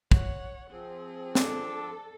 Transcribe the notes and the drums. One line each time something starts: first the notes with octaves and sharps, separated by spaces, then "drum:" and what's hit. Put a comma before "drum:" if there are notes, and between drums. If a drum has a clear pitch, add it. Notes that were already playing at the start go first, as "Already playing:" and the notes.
C#5 F#5, drum: kick
F3 C4 G#4
D4 A4, drum: snare